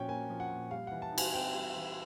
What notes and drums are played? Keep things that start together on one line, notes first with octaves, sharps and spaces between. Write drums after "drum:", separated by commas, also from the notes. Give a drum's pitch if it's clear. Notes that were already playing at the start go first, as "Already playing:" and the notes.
Already playing: A#2 F3 C#4 F#4 C#5 G5
A#3 G#5
F3
F#5
A#2
G3 F5
E3 F#5
A5
D#4
G#5, drum: cymbal
C4 G5
G3
E3